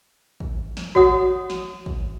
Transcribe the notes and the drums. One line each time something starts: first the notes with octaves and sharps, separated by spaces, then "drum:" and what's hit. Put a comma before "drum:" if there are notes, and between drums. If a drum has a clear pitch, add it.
drum: kick
drum: snare
F#4 C#5 F#5 D#6, drum: kick
drum: snare
drum: kick